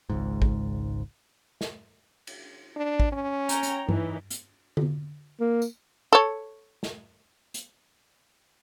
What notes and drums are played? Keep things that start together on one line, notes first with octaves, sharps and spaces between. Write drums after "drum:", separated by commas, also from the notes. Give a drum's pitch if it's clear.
G#1 C#2 G#2
drum: kick
drum: snare
drum: cymbal
D4
drum: kick
C#4
C#5 G5 A#5, drum: hi-hat
drum: hi-hat
E3 D#4, drum: tom G2
drum: hi-hat
drum: tom D3
A#3
drum: tambourine
A4 C#5
drum: snare
drum: hi-hat